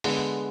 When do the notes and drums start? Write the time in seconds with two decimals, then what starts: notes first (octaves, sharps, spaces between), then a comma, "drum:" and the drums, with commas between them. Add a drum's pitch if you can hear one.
0.04 D3 G#3 B3, drum: open hi-hat